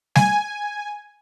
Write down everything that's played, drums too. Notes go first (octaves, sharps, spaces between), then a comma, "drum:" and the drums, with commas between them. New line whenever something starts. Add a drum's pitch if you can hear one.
G#5, drum: snare